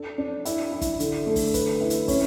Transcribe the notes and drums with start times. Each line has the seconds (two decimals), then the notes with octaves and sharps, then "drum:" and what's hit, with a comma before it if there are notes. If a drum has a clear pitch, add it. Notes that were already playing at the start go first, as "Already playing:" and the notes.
Already playing: D4 A4
0.18 D4
0.45 E4, drum: hi-hat
0.72 E4
0.81 drum: kick, hi-hat
1.00 D3, drum: hi-hat
1.26 A3
1.36 drum: kick, open hi-hat
1.54 B4, drum: kick, hi-hat
1.81 E4
1.90 drum: hi-hat
2.08 C#4, drum: kick, open hi-hat